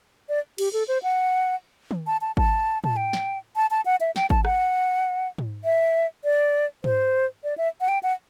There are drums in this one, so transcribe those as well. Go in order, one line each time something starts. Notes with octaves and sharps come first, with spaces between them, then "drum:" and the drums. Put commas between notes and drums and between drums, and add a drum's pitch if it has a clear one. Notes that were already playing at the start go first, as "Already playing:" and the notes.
D5
G4, drum: cymbal
A4
C5
F#5
drum: tom D#3
A5
A5
A5, drum: kick G#1
A5, drum: tom A2
G5
drum: snare
A5
A5
F#5
E5
G5, drum: snare
A5, drum: kick G#1
F#5, drum: rim click
drum: tom G#2
E5
D5
C5, drum: tom G#2
D5
E5
F#5
G5
F#5